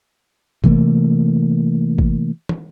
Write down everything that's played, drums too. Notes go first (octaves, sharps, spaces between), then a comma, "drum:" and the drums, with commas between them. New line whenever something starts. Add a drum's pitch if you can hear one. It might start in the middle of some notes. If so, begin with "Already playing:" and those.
C3 E3 A3 A#3, drum: kick
drum: kick
drum: tom